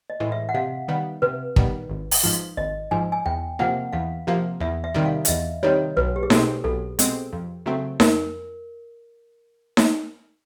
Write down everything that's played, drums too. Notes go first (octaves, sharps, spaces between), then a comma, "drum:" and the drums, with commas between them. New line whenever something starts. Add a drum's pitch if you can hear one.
D#5
A2 E3 G#3
E5
F#5
C3 F5
D#3 G3 B3
C3 B4
D#3 G3 B3, drum: kick
G#1
drum: open hi-hat
G#2 F3
G#1 D#5
G#2 F3 G#5
G#5
E2 G5
C3 F3 A#3 F#5
E2 F5
C3 F3 A#3
E2 E5
E5
C3 D#3 G3
F5
E5, drum: hi-hat
E2 D#5
C3 D#3 G3 C#5
B1 B4
G4
G#4
B2 G#3 C4 A4, drum: snare D#4
B1 A4
B2 G#3 C4, drum: hi-hat
F2
C#3 F#3 A3 C4
F2 A#4, drum: snare D#4
drum: snare D#4